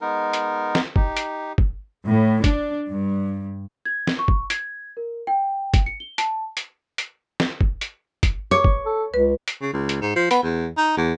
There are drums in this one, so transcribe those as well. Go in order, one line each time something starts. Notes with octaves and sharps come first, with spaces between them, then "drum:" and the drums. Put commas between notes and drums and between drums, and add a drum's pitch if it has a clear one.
G#3 B3 D#4 A#4
drum: hi-hat
drum: snare
D#4 G4, drum: kick
drum: hi-hat
drum: kick
A2
D4, drum: kick, hi-hat
G2
G#6
drum: snare
C#6
drum: kick
G#6, drum: hi-hat
A#4
G5
drum: kick, hi-hat
C#7
G7
A5, drum: hi-hat
drum: hi-hat
drum: hi-hat
drum: snare
drum: kick
drum: hi-hat
drum: kick, hi-hat
C#5 D6
drum: kick
A4
C#2 B4
drum: hi-hat
C#3
C#2
drum: hi-hat
G#2
F3
B3, drum: hi-hat
E2
D#4
E2